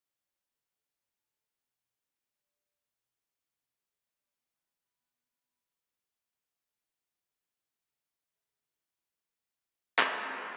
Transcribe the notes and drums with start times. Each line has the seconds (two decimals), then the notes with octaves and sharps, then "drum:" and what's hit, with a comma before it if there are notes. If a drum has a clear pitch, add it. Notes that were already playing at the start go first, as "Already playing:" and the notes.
Already playing: C#5
0.09 F#3
0.24 C#4
0.39 A2
0.54 A2
0.70 F#3
0.85 C#4
1.00 A2
1.16 A2
1.31 F#3
1.47 C#4
1.62 B2
1.78 B2
1.93 G#3
2.08 C#4
2.23 B2 D5
2.38 B2
2.54 G#3
2.69 C#4
2.84 B2 F#5
2.92 E5
2.99 B2 F#5
3.15 G#3
3.30 C#4
3.46 B2
3.61 B2
3.77 G#3
3.92 C#4
4.06 B3 E5
4.20 E3 D5
4.32 E5
4.38 B3
4.53 E3
4.67 B3 E5
4.84 E3
4.99 B3
5.14 E3
5.29 B3 F#5
5.45 E3
5.61 B3
5.75 E3
5.91 B3
6.06 E3
6.21 B3
6.36 E3
6.52 C#3 G#5
6.68 C#3 A5
6.82 E3
6.98 B3
7.13 C#3 F#5
7.28 C#3
7.44 E3
7.59 B3
7.74 C#3
7.90 C#3
8.05 E3
8.20 B3
8.35 C#3 E5
8.51 C#3
8.66 E3
8.81 B3
8.97 E3
9.12 E3
9.28 A3
9.42 C#4
9.58 E3
9.73 E3
9.99 drum: clap